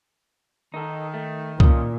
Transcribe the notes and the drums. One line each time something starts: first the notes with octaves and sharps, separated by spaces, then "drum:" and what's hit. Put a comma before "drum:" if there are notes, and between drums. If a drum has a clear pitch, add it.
D#3 D#4 A4
A3
A#2 C#4 D#5, drum: kick C2